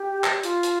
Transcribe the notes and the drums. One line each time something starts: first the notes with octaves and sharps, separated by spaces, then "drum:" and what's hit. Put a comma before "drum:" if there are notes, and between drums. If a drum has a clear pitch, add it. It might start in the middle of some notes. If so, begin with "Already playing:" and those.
Already playing: G4
drum: clap
F4, drum: hi-hat
drum: hi-hat